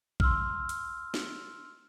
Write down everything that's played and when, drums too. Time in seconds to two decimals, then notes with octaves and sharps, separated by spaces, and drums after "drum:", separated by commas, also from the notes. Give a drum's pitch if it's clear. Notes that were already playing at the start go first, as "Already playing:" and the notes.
0.20 C6 E6 F6, drum: kick A#1
0.69 drum: hi-hat
1.14 drum: snare